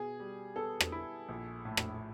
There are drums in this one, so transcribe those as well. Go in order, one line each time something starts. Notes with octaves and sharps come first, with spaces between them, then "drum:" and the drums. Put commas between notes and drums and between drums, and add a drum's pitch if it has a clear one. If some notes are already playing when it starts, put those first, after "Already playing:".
Already playing: B2 G#4
G3
B3 A4
drum: rim click
E4
A#1
A2
drum: rim click